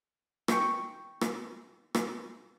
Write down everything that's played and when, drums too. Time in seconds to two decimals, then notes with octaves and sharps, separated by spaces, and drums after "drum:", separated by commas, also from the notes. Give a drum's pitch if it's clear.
0.48 D#3 G5 C#6, drum: rim click
1.21 drum: rim click
1.95 drum: rim click